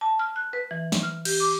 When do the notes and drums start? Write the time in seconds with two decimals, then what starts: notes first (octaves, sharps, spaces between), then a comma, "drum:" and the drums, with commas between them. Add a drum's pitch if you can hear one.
0.01 A5
0.19 F6
0.36 F#6
0.53 B4
0.71 E3
0.92 drum: snare
1.03 F6
1.25 G4, drum: cymbal
1.40 D6